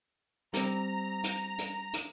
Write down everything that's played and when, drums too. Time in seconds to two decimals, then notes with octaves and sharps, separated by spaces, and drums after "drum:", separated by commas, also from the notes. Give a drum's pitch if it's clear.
0.54 G3 C4 A#5, drum: hi-hat
1.24 drum: hi-hat
1.58 drum: hi-hat
1.93 drum: hi-hat